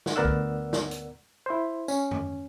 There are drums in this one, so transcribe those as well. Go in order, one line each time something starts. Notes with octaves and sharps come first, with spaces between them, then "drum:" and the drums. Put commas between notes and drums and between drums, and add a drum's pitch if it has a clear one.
drum: snare
D2 B3 A#4 D5 F#5 E6
drum: kick
drum: snare
drum: hi-hat
E4 C5
C#4, drum: tambourine
drum: tom F2